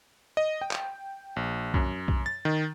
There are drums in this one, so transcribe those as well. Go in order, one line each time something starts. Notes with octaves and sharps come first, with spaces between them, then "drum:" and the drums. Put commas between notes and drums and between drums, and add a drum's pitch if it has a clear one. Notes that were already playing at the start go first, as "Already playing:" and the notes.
D#5
G5
drum: clap
A#1
F#2, drum: kick B1
drum: kick B1
A6
D#3